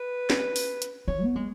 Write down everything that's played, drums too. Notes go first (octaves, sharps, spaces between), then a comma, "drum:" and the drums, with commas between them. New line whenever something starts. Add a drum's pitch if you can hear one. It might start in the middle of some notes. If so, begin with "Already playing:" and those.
Already playing: B4
drum: snare
drum: open hi-hat
drum: hi-hat
D#3 C#5
B3
G#3